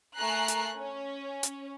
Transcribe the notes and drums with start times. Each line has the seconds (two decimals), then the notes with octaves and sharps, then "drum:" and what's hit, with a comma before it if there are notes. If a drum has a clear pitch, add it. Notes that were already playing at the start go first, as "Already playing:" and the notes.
0.17 A3 A#4 G#5 A#5 F#6 C7
0.48 drum: hi-hat
0.78 C#4
1.43 drum: hi-hat